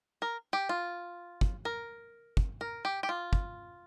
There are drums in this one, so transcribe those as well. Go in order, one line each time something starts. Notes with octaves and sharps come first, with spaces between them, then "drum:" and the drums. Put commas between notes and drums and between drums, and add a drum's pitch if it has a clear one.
A#4
G4
F4
drum: kick
A#4
drum: kick
A#4
G4
G4
F4
drum: kick